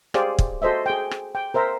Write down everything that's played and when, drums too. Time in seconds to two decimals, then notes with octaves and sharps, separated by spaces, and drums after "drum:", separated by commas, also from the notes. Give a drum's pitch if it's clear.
0.14 G4 G#4 C5 D5 F5, drum: rim click
0.39 drum: kick
0.62 F#4 A4 C5 D#5 E5
0.86 G#4 G5
1.11 drum: rim click
1.35 G5
1.54 A#4 C5 E5 A#5